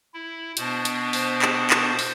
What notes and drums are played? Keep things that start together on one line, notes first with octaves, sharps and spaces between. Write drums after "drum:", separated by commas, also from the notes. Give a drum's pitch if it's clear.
E4
B2 B3 D4 C5, drum: hi-hat
drum: hi-hat
C5, drum: open hi-hat
drum: clap
drum: clap
drum: open hi-hat